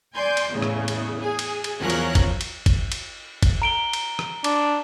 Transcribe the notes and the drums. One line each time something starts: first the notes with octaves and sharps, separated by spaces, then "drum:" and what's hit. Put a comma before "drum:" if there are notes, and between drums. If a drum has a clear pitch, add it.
D5 G#5 C6 G6
drum: cymbal
E2 A2 C#3
drum: rim click
drum: cymbal
G#4 G#5
drum: cymbal
drum: cymbal
E2 F3 F#3 C#4 A#4 F#6
drum: cymbal
drum: kick, cymbal
drum: cymbal
drum: kick, cymbal
drum: cymbal
drum: kick, cymbal
A#5 D7 G7
drum: cymbal
drum: rim click
D4, drum: cymbal